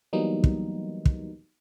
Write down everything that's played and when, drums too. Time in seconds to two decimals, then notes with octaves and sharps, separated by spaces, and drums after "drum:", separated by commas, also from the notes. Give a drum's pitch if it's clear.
0.13 E3 F#3 G3 A#3 B3 D#4
0.44 drum: kick
1.05 drum: kick